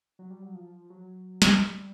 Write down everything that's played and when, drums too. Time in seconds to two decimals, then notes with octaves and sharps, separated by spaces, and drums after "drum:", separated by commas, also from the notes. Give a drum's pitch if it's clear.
0.19 F#3
0.30 G3
0.42 F#3
0.55 F3
0.90 F#3
1.42 drum: snare
1.60 G3